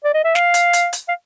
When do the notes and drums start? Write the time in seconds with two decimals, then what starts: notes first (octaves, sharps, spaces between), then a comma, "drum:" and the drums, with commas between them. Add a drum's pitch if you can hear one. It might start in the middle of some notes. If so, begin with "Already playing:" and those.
0.04 D5
0.14 D#5
0.24 E5
0.35 F5, drum: snare
0.54 drum: hi-hat
0.73 drum: hi-hat
0.93 drum: hi-hat
1.08 F5